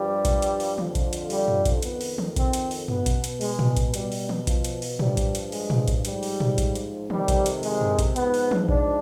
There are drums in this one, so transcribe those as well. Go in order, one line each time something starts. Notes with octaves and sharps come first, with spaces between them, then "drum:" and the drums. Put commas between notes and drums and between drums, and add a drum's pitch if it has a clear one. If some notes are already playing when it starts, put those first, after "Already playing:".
Already playing: G2 F3 G3
drum: kick A#1, hi-hat
drum: hi-hat
drum: open hi-hat
F2 D3 F3, drum: tom D#3
drum: kick A#1, hi-hat
drum: hi-hat
G3, drum: open hi-hat
drum: tom F#2
drum: kick A#1, hi-hat
F2 D#3 B3, drum: hi-hat
drum: open hi-hat
drum: tom D#3
C4, drum: kick A#1, hi-hat
drum: hi-hat
drum: open hi-hat
B2 B3, drum: tom F#2
drum: kick A#1, hi-hat
drum: hi-hat
G#3, drum: open hi-hat
drum: tom A2
drum: kick A#1, hi-hat
B2 G3, drum: hi-hat
drum: open hi-hat
drum: tom D#3
F3, drum: kick A#1, hi-hat
drum: hi-hat
drum: open hi-hat
G2 F3 G3, drum: tom A2
drum: kick A#1, hi-hat
drum: hi-hat
G#3, drum: open hi-hat
drum: tom A2
drum: kick A#1, hi-hat
G#2 F3 G3, drum: hi-hat
drum: open hi-hat
drum: tom A2
drum: kick A#1, hi-hat
drum: hi-hat
F2 C3 D#3 G3, drum: tom D#3
drum: kick A#1, hi-hat
drum: hi-hat
G#3, drum: open hi-hat
drum: tom F#2
drum: kick A#1, hi-hat
G#2 F3 B3, drum: hi-hat
drum: open hi-hat
drum: tom E3
D4, drum: kick A#1